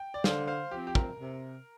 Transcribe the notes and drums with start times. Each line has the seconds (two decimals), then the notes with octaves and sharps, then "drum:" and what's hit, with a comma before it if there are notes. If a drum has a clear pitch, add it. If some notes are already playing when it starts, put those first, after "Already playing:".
Already playing: G5
0.14 D5
0.24 D3 C5 F5, drum: snare
0.47 C5 F5
0.71 F3 C4 G4
0.87 G4
0.95 A#4, drum: kick
1.19 C3